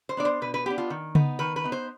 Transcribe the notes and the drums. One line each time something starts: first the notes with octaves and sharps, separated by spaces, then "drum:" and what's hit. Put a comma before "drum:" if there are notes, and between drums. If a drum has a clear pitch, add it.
C5
B3 D4 D5
C5
B2 B4
B4
B3 D4 G4
F4
D#3
B3 D#4, drum: tom C#3
D#3 B4
B4
B3 D#4
C5